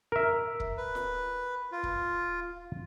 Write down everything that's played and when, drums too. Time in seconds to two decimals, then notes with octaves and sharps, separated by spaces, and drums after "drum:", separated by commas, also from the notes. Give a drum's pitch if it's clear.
0.12 A#4 E5
0.60 drum: kick
0.77 B4
0.95 drum: snare F4
1.72 F4
1.83 drum: kick